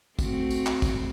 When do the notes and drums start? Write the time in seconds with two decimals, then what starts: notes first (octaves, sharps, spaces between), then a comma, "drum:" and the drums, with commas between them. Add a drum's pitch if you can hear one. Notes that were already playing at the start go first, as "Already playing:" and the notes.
0.19 A3 C4 F#4, drum: kick, tambourine
0.50 drum: tambourine
0.66 drum: clap
0.82 drum: kick, tambourine